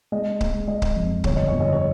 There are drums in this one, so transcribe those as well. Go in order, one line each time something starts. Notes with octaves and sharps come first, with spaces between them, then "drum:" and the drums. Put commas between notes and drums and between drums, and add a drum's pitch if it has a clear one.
G#3 D#5
G#3, drum: kick C#1
G#3 D#5
drum: kick C#1
F2
G1 C#5, drum: kick C#1
D#5
G1 C#5
D#5
C#5